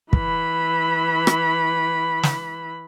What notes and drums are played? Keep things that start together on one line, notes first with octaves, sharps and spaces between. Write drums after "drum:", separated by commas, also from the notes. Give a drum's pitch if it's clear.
E3 B5, drum: kick
drum: rim click
drum: snare